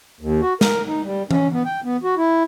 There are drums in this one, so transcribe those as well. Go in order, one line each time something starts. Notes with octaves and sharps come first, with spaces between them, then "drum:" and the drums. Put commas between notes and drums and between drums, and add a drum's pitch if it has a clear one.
D#2
F#4
A#4, drum: snare
D#4
G3
C#4, drum: tom E3
B3
G5
B3
F#4
E4